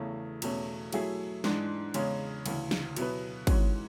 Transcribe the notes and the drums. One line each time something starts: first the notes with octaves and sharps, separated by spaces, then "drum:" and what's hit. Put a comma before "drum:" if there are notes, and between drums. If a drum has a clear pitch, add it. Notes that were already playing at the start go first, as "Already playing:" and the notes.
Already playing: E2 C#3 E3 A3
E2 B2 A3 C#4, drum: cymbal
F#3 A3 E4 G#4, drum: cymbal
G#2 E3 G#3 D4, drum: snare
E2 C#3 G#3 C#4, drum: cymbal
D2 C#3 E3, drum: cymbal
drum: snare
B2 F#3 B3 E4 B4, drum: cymbal
G#2 E3 G#3 C#4 F#4, drum: kick G#1, cymbal